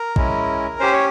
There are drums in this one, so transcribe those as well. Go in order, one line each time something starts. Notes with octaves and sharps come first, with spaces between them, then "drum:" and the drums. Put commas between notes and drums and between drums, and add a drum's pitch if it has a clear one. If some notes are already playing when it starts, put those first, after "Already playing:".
Already playing: A#4
G#3 C#4 E4, drum: kick
C#4 G4 C5
C#5